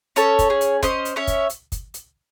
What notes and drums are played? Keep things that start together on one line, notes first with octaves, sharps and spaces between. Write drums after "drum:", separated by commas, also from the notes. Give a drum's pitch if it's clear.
C#4 A4 C#5, drum: hi-hat
drum: kick, hi-hat
G#4
drum: hi-hat
C#4 C5 D#5, drum: kick, hi-hat
drum: hi-hat
C#4 C#5 E5
drum: kick, hi-hat
drum: hi-hat
drum: kick, hi-hat
drum: hi-hat